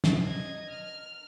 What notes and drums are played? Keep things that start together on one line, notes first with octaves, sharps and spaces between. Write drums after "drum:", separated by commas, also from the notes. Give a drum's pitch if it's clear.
drum: snare
D#5 G#6
F6